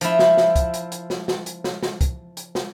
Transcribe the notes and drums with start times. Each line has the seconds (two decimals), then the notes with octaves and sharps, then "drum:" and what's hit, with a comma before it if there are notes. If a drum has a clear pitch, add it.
0.01 F3 E4, drum: hi-hat
0.19 drum: snare
0.37 drum: snare
0.56 drum: kick, hi-hat
0.74 drum: hi-hat
0.92 drum: hi-hat
1.10 drum: snare
1.28 drum: snare
1.46 drum: hi-hat
1.64 drum: snare
1.83 drum: snare
2.01 drum: kick, hi-hat
2.37 drum: hi-hat
2.55 drum: snare